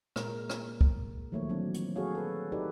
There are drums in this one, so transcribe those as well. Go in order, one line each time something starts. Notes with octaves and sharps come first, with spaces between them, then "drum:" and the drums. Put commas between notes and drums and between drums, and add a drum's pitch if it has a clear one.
A#2 G#3 A#4, drum: rim click
drum: rim click
drum: kick
D#3 F3 F#3 A3 A#3 C#5
E3 F#3 C4 D4
drum: hi-hat
D4 F#4 G#4 A4 C#5 F5
A4 B4
D#4 F#4 G4 A4 B4 D5